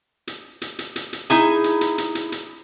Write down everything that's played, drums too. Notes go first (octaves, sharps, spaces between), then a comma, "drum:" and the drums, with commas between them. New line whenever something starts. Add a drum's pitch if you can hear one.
drum: hi-hat
drum: hi-hat
drum: hi-hat
drum: hi-hat
drum: hi-hat
D#4 E4 G#4, drum: hi-hat
drum: hi-hat
drum: hi-hat
drum: hi-hat
drum: hi-hat
drum: hi-hat